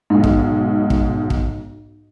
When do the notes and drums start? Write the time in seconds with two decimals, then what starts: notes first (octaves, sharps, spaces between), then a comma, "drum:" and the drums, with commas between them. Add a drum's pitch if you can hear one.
0.10 B1 G#2
0.24 drum: kick
0.90 drum: kick
1.30 drum: kick